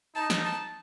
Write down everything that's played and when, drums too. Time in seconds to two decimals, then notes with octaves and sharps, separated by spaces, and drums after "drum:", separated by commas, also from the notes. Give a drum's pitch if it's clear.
0.15 D#4 A5
0.30 drum: snare
0.45 A5